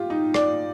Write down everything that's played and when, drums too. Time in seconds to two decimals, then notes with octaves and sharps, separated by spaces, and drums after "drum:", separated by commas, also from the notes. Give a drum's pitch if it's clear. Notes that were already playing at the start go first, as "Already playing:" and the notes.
Already playing: F4 G4
0.10 D#4
0.34 D5, drum: rim click